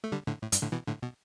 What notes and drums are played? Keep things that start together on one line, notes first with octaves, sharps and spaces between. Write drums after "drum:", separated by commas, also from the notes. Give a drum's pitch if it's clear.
A3
D3 G3
A2 D3
A2
G2, drum: hi-hat
A2 D3
B2 E3
A2 D3
B2